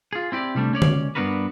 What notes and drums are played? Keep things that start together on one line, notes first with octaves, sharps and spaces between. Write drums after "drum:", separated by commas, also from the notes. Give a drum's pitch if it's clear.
F4 G#4
C4 E4 G4 D5
C3 G3 A3 D4
C#2 C#4 C#5 D5
drum: tom D3
G2 B3 D4 F#4 A#4 B4